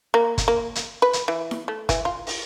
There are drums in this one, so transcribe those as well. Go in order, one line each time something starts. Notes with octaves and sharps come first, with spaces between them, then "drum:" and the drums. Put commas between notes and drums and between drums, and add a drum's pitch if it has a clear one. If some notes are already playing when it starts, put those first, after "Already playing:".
A#3
drum: kick, hi-hat
A#3
drum: hi-hat
B4
drum: hi-hat
E3
drum: snare E4
A3
E3, drum: kick, hi-hat
F4
drum: open hi-hat